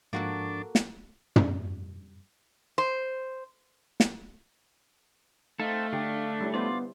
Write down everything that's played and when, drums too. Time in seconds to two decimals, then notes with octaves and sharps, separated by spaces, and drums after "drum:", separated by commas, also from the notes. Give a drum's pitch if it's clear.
0.13 G#2 F3 A#3 D4 F#4 A4 C#6
0.75 drum: snare
1.36 drum: tom
2.78 C5
4.00 drum: snare
5.60 A3 C4 D#4 A4 F5
5.93 D3 D4 G4
6.41 G3 C#4 E4
6.54 B3 D4 E4 F4 C5 D5